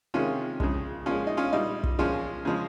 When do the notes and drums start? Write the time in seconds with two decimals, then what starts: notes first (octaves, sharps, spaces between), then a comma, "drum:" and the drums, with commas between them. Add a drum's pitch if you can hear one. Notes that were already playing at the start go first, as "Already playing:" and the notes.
0.14 C3 D#3 G#3 C#4 F4
0.60 C#3 F3 G#3, drum: kick
1.06 A#2 F3 G#3 C#4 F4
1.27 D#4
1.37 C#4 F4
1.53 A#2 G3 D#4
1.83 drum: kick
1.99 A#2 F3 G#3 C#4 F4
2.45 C#3 F3 G#3